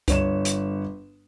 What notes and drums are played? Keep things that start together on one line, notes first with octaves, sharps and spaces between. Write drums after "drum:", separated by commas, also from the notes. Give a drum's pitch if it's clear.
G1 C#5 E7, drum: kick C#2, hi-hat
drum: hi-hat